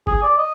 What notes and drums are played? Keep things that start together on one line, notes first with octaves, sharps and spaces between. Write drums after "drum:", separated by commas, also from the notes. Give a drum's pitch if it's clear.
G#4, drum: kick G1
D5
D#5